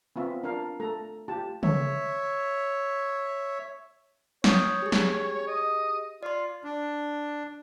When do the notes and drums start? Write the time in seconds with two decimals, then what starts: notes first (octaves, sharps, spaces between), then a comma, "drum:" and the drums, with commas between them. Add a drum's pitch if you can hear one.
0.16 B3 C4 F4 E5
0.43 D4 F4 A#4 F5
0.80 A3 A4 A#5
1.28 A3 F4 G4 A5
1.63 C#5 E5, drum: tom C#3
4.44 C#5 C#6 D#6 G6, drum: snare
4.82 G4 G#4
4.92 drum: snare
5.47 D#5
6.23 F4 D5 C6
6.64 D4